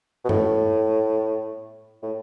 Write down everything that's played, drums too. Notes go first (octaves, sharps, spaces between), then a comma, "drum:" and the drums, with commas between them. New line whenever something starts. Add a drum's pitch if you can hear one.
B2
A2, drum: tom G2
A2